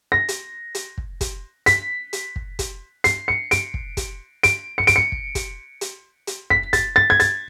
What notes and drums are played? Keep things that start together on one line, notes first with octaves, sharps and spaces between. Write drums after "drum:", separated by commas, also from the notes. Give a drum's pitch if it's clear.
A#6
drum: hi-hat
drum: hi-hat
drum: kick
drum: kick, hi-hat
B6, drum: hi-hat
drum: hi-hat
drum: kick
drum: kick, hi-hat
C7, drum: hi-hat
C#7
D7, drum: hi-hat
drum: kick
drum: kick, hi-hat
D7, drum: hi-hat
C#7
D7, drum: hi-hat
C#7
drum: kick
drum: kick, hi-hat
drum: hi-hat
drum: hi-hat
B6, drum: kick
A6, drum: kick, hi-hat
A6
G#6
A6, drum: hi-hat